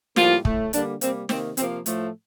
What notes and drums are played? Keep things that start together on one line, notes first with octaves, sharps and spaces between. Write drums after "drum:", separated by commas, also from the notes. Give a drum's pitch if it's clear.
A2 F3 G3 A#3 F4, drum: snare
A2 A3, drum: kick
D3 G3 A#3 D4, drum: hi-hat
C3 G3 A#3 C4, drum: hi-hat
C3 D#3 A#3 C4, drum: snare
C3 F3 A#3 C4, drum: hi-hat
A2 F3 A3, drum: hi-hat